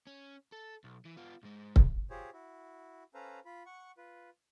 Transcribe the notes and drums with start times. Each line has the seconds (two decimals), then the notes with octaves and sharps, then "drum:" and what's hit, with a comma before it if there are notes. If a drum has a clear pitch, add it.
0.07 C#4
0.52 A4
0.84 B1
1.05 E3
1.17 B3 F4
1.43 G#2 G#3
1.76 drum: kick C#1
2.10 F4 G4 G#4 C5 C#5
2.33 E4 F#4
3.14 C#4 A4 B4 C5 F5 A#5
3.45 F4 B5
3.66 F#5 C#6
3.98 F4 B4